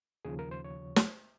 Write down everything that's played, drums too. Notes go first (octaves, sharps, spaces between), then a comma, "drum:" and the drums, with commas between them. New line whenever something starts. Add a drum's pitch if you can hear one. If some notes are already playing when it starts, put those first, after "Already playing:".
D#2 C#3 F3 G#4
A#4
C5
C#5
drum: snare